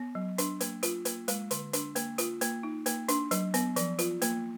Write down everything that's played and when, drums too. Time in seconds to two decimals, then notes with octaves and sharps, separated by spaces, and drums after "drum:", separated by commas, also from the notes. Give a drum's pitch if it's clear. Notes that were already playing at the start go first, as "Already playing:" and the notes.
Already playing: B3
0.15 F#3
0.38 D4, drum: hi-hat
0.61 A#3, drum: hi-hat
0.83 F4, drum: hi-hat
1.05 A#3, drum: hi-hat
1.28 G#3, drum: hi-hat
1.51 D3, drum: hi-hat
1.73 D4, drum: hi-hat
1.96 A#3, drum: hi-hat
2.18 F4, drum: hi-hat
2.41 A#3, drum: hi-hat
2.63 D#4
2.86 A#3, drum: hi-hat
3.08 D4, drum: hi-hat
3.31 F#3, drum: hi-hat
3.54 B3, drum: hi-hat
3.76 F3, drum: hi-hat
3.99 F4, drum: hi-hat
4.22 A#3, drum: hi-hat